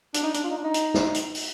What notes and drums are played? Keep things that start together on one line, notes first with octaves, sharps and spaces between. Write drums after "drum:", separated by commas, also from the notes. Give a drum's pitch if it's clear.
D4, drum: hi-hat
D#4
D4, drum: hi-hat
F4
D#4
D4
D#4
drum: hi-hat
drum: snare
drum: hi-hat
drum: open hi-hat